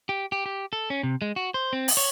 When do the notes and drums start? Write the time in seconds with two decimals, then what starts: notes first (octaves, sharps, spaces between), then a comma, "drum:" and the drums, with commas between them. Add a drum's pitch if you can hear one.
0.09 G4
0.32 G4
0.46 G4
0.73 A4
0.90 C#4
1.03 C3
1.22 G#3
1.36 F#4
1.54 C5
1.73 C4
1.88 drum: open hi-hat
1.97 C#5